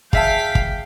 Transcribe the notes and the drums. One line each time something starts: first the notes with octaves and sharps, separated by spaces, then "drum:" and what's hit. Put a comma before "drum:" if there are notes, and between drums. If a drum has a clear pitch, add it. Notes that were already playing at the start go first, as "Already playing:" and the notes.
G#4 E5 F5 G5 A5 B6, drum: kick
drum: kick